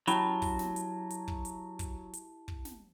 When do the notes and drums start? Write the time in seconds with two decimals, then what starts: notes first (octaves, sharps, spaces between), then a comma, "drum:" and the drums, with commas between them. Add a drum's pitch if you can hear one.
0.07 F#3 C#4 E4 G4 A5 B5, drum: hi-hat
0.42 drum: kick, open hi-hat
0.59 drum: snare
0.76 drum: hi-hat
1.10 drum: hi-hat
1.28 drum: kick
1.45 drum: hi-hat
1.79 drum: kick, hi-hat
2.13 drum: hi-hat
2.48 drum: kick
2.65 drum: snare